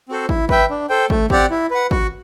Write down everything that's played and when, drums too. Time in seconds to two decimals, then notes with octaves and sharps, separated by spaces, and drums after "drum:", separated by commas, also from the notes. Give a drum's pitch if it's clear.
0.09 C4 F#4 A4 C5
0.29 E4, drum: kick
0.49 B4 E5 G5, drum: kick
0.70 D4
0.89 A4 C5 G5
1.10 A3, drum: kick
1.30 C4 G4 D5 F#5, drum: kick
1.50 E4
1.71 B4 F#5
1.91 F#4, drum: kick